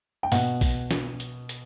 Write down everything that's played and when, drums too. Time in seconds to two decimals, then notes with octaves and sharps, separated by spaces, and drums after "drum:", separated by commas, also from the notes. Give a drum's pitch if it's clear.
0.23 G5
0.32 B2 F#5, drum: open hi-hat
0.61 drum: kick A#1, open hi-hat
0.91 drum: snare
1.20 drum: hi-hat
1.49 drum: hi-hat